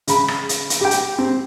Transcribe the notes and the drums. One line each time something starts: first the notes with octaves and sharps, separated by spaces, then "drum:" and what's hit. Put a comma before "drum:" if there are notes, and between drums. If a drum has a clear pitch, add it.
C#3 B5, drum: hi-hat
drum: rim click
drum: hi-hat
drum: hi-hat
G4 G5
drum: hi-hat
C4